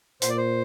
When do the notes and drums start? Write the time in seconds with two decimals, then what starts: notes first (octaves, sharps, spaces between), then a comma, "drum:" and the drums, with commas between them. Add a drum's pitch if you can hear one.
0.22 A#2 C5, drum: hi-hat
0.30 D5
0.37 C5